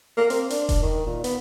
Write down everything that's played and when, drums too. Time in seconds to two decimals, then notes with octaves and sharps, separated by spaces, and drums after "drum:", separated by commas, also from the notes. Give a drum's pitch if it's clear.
0.17 A#3
0.30 C4, drum: hi-hat
0.50 D4, drum: hi-hat
0.69 drum: kick E1, hi-hat
0.82 D#3
1.06 A#2
1.24 B3, drum: hi-hat